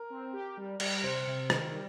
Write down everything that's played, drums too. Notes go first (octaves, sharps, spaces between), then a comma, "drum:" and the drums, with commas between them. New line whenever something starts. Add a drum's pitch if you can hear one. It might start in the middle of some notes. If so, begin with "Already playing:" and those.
Already playing: A#4
C4
G4
G3
G3, drum: cymbal
C3 C5
C3
D#3, drum: rim click
G3